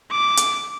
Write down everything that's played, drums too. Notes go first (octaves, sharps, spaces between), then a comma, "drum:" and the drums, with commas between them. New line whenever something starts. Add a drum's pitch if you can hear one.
D6
drum: hi-hat